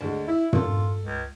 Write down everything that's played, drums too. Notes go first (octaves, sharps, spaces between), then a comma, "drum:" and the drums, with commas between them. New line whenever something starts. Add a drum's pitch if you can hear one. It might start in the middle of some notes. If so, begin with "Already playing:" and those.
D2 G#3
E4 E5
F4 A4, drum: tom
C#2